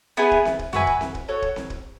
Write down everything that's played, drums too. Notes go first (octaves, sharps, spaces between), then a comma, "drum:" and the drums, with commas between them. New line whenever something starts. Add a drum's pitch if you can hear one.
B3 E4 G#4 B4
drum: kick
drum: snare C4
drum: kick
F#4 B4 E5 G#5, drum: tom F2
drum: kick
drum: snare C4
drum: kick
F#4 A4 C#5
drum: kick
drum: snare C4
drum: kick